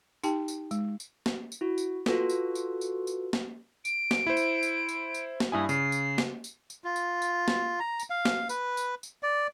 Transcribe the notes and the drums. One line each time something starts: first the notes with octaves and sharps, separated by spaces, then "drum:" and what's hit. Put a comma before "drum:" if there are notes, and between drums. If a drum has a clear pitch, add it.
D#4 G4 G5 A5, drum: tambourine
drum: tambourine
G#3, drum: tambourine
drum: tambourine
drum: snare
drum: tambourine
E4 F#4
drum: tambourine
F4 F#4 A4 B4, drum: snare
drum: tambourine
drum: tambourine
drum: tambourine
drum: tambourine
drum: snare
D7, drum: tambourine
drum: snare
E4 C5
drum: tambourine
drum: tambourine
drum: tambourine
drum: tambourine
drum: snare
G2 E4 G#5 D#6
C#3 C7, drum: tambourine
drum: tambourine
drum: snare
drum: tambourine
drum: tambourine
F4
drum: tambourine
drum: tambourine
drum: snare
A#5
drum: tambourine
F5
drum: snare
B4, drum: tambourine
drum: tambourine
drum: tambourine
D5